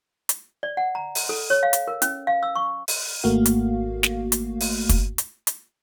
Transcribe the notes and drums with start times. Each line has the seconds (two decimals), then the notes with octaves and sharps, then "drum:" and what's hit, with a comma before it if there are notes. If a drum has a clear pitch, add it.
0.29 drum: hi-hat
0.63 D5
0.77 F#5
0.95 A#5
1.15 drum: open hi-hat
1.29 A4
1.50 C#5
1.63 F5
1.73 drum: hi-hat
1.88 A#4
2.02 C#4, drum: hi-hat
2.27 F5
2.43 E6
2.56 C#6
2.88 drum: open hi-hat
3.24 G#1 A3 A#3 F#4 F5
3.46 drum: hi-hat
4.03 drum: snare
4.32 drum: hi-hat
4.61 drum: open hi-hat
4.89 drum: kick, hi-hat
5.18 drum: hi-hat
5.47 drum: hi-hat